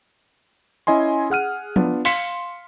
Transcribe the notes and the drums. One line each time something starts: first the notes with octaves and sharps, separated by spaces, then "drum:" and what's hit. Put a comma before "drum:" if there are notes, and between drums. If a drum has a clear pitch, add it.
C#4 E4 D#5 G#5 C6
G#4 F#5 F6 D#7
B3 D4 F4, drum: tom F3
F5 C6 B6 C#7 E7, drum: open hi-hat